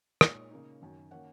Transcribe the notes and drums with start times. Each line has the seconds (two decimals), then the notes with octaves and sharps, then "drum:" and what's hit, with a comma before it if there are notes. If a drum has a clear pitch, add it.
0.21 A#2 G#3 D#4 C#5, drum: rim click
0.51 C#3 A#3 D#4
0.81 F#2 D#3 F#3
1.11 D#3 A#3 C#4 F#5